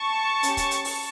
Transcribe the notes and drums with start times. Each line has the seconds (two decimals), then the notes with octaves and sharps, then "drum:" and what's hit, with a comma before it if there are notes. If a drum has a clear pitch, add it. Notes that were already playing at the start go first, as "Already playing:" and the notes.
Already playing: A5 C#6
0.43 C#4 G4, drum: hi-hat
0.57 drum: kick, hi-hat
0.71 drum: hi-hat
0.85 drum: open hi-hat